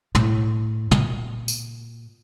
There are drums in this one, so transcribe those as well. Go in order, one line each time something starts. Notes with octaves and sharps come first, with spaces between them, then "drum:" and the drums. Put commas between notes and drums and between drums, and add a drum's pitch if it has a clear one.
A2, drum: tom
A#2, drum: tom
drum: tambourine